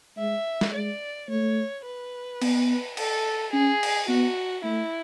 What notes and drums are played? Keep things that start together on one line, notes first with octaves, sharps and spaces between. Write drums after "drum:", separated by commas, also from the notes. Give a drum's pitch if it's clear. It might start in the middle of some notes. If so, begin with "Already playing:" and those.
G#3 E5
drum: snare
G#3 D5
A3 C#5
B4
B3, drum: cymbal
A4, drum: cymbal
C#4 G#4
drum: cymbal
B3 F#4
A3 E4